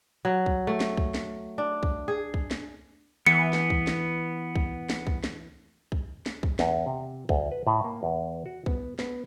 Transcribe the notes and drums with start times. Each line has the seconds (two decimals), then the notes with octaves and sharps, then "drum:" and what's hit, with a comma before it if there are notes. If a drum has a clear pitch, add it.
0.25 F#3
0.46 drum: kick B1
0.67 A3
0.80 drum: snare
0.97 drum: kick B1
1.14 drum: snare
1.58 D4
1.83 drum: kick B1
2.08 G#4
2.34 drum: kick B1
2.51 drum: snare
3.27 E3 B3 C#7
3.53 drum: snare
3.70 drum: kick B1
3.87 drum: snare
4.55 drum: kick B1
4.90 drum: snare
5.07 drum: kick B1
5.24 drum: snare
5.92 drum: kick B1
6.26 drum: snare
6.43 drum: kick B1
6.59 E2, drum: snare
6.86 C3
7.29 D2, drum: kick B1
7.51 B4
7.67 A2
7.84 A#3
8.03 E2
8.46 F#4
8.66 B3, drum: kick B1
8.99 B3, drum: snare